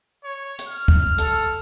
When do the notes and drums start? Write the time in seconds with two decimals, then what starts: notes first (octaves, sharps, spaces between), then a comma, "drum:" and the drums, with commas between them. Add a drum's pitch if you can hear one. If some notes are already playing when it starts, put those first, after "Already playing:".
0.24 C#5
0.59 drum: hi-hat
0.69 F6
0.88 drum: kick
1.18 A4, drum: hi-hat